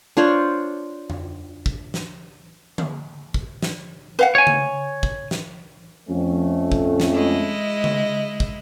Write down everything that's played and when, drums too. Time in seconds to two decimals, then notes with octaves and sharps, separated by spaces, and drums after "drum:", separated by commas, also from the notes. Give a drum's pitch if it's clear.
0.17 D4 F4 C5 C#5
1.10 drum: tom F2
1.66 drum: kick
1.94 drum: snare
2.78 drum: tom D3
3.34 drum: kick
3.62 drum: snare
4.19 B4 F5 F#5
4.35 C#5 G#5
4.47 drum: tom C#3
5.03 drum: kick
5.31 drum: snare
6.08 F2 A3 C#4
6.72 drum: kick
7.00 drum: snare
7.12 G#3 E4 D#5
7.84 drum: tom C#3
8.40 drum: kick